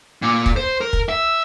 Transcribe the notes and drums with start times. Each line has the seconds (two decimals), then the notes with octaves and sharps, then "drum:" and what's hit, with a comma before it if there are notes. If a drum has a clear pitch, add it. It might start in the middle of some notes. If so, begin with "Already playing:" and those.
0.22 A#2
0.46 drum: kick
0.56 C5
0.81 A#4
0.93 drum: kick
1.09 E5